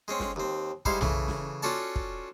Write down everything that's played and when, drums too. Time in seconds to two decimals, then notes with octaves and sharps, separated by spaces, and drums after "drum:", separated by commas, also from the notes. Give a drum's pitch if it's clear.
0.08 G#3 C4 C#4
0.20 drum: snare
0.36 D#2 C4
0.85 G3 G#3 D#4 E4 C5 F5, drum: kick
1.01 C#3 E3 A3, drum: tom B1
1.28 drum: snare
1.62 C#4 F4 F#4 A4 D5 A5
1.96 drum: kick